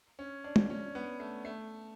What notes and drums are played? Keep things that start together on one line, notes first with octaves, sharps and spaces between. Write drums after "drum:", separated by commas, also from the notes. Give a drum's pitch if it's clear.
C#4
D4
drum: tom
C#4
B3
A3
A3